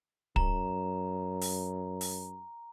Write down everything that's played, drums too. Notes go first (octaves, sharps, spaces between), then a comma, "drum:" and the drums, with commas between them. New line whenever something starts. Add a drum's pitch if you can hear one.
F#2 A#5, drum: kick
drum: open hi-hat
drum: open hi-hat